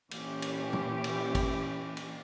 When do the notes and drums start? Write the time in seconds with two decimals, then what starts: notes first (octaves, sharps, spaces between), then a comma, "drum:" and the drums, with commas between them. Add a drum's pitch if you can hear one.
0.11 A#2 E3 C#4 G4, drum: cymbal
0.42 drum: cymbal
0.73 drum: tom
1.04 drum: cymbal
1.35 drum: kick, cymbal
1.97 drum: cymbal